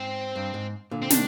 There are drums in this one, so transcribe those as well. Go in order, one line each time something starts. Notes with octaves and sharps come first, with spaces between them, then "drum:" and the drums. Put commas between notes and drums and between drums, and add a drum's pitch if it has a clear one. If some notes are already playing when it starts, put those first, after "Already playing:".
Already playing: G#2 C4
G2
G#2
A#2 D3
C4
C3 D#3 D4, drum: snare